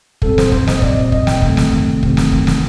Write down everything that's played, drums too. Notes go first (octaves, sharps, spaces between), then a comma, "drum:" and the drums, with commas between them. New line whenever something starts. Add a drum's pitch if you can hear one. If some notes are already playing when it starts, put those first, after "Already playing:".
A#2 G3 C4 A4, drum: kick
C5, drum: snare
C5, drum: kick
D#5, drum: snare
A#2 G3 C4 D5, drum: kick
D#5
D#5, drum: kick
G5, drum: snare
C3 D#3 A3 C4, drum: kick
drum: snare
drum: kick
C3 D#3 A3 C4, drum: kick
drum: snare
drum: kick
drum: snare